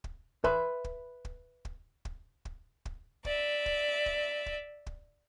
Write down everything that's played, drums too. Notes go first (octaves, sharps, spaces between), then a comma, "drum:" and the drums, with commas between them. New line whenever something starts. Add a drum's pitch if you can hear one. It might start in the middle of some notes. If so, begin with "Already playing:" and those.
drum: kick
B4 E5 B5 C6, drum: kick
drum: kick
drum: kick
drum: kick
drum: kick
drum: kick
drum: kick
D5 E5, drum: kick
drum: kick
drum: kick
drum: kick
drum: kick